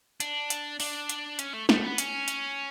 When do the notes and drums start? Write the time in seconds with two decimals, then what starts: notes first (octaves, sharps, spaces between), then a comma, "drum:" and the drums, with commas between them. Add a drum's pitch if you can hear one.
0.20 D4, drum: hi-hat
0.50 drum: hi-hat
0.80 D4, drum: open hi-hat
1.09 drum: hi-hat
1.39 C#4, drum: hi-hat
1.53 A3
1.69 A3, drum: snare
1.84 B3
1.98 C#4, drum: hi-hat
2.28 drum: hi-hat